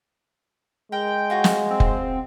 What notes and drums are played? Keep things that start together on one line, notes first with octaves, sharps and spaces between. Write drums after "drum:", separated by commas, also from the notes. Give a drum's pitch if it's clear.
G#3 A#4 G5
F4 F#4 C#5
drum: snare
C4
drum: kick F1